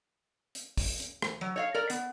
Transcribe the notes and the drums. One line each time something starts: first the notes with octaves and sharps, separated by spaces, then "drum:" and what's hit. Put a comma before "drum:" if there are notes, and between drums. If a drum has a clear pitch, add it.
drum: hi-hat
drum: kick, open hi-hat
drum: hi-hat
drum: rim click
F#3
C#5 D5 F5
A#4 D5 A#5
B3, drum: hi-hat